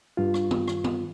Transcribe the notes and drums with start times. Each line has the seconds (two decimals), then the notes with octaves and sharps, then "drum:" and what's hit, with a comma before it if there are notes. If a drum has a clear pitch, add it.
0.17 G2 F4
0.34 drum: rim click
0.51 drum: tom
0.68 drum: rim click
0.84 drum: tom